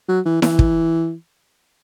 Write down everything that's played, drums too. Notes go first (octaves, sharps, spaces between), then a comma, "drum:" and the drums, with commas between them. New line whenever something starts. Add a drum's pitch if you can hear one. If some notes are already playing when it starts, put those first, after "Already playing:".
F#3
E3
E3, drum: snare E4
drum: kick